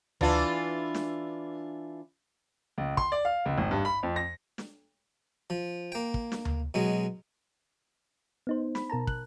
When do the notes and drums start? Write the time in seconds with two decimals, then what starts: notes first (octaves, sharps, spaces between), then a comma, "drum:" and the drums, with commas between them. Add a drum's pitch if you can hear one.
0.21 E3 D4 F4, drum: tom D2
0.94 drum: snare
2.78 C#2
2.97 C6, drum: kick
3.12 D5
3.25 F5
3.46 C#2
3.58 G#1
3.71 G2
3.85 B5
4.03 F2
4.16 A#6
4.58 drum: snare
5.50 F3
5.92 A#3 G5
6.14 drum: kick
6.32 drum: snare
6.45 drum: tom D2
6.74 B2 F#3 G#3
8.47 B3 D#4 C5
8.75 B5, drum: snare
8.90 B2 A#4 A5 A#5
9.07 F#6, drum: kick